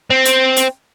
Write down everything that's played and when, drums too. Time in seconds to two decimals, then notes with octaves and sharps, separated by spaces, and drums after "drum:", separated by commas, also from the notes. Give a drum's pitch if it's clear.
0.10 C4
0.25 drum: hi-hat
0.56 drum: hi-hat